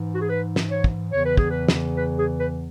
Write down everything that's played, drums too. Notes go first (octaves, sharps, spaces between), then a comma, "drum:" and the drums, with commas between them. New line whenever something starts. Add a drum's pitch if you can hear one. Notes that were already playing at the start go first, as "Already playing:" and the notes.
Already playing: G#2 E3
F#4
G#4
B4
drum: snare
C#5
drum: kick
E2 C#3 E3 C#5
B4
G#4, drum: kick
B4
drum: snare
B4
G#4
B4